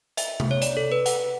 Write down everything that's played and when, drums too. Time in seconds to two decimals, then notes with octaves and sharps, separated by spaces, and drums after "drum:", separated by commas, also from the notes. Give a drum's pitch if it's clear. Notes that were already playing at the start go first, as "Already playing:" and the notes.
0.17 E5, drum: hi-hat
0.40 drum: tom C3
0.51 C#5
0.62 D5, drum: hi-hat
0.77 A4
0.92 B4
1.06 F#5, drum: hi-hat